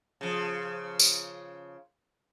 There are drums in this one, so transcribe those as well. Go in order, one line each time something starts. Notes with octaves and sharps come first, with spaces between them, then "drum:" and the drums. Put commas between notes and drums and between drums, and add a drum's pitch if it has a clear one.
C#3 F3
drum: tambourine